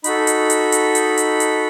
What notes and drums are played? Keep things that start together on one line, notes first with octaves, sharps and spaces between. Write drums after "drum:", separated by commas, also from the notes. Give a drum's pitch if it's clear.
D#4 F#4 A4 B5, drum: hi-hat
drum: hi-hat
drum: hi-hat
drum: hi-hat
drum: hi-hat
drum: hi-hat
drum: hi-hat